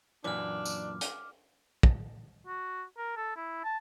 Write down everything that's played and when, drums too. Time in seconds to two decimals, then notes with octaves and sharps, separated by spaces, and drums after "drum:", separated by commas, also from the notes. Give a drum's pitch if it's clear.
0.24 F#2 A#2 E3 D4 D6 F6
0.65 drum: tambourine
1.01 drum: hi-hat
1.83 drum: kick
2.47 F#4
2.98 A#4
3.17 A4
3.36 E4
3.64 A5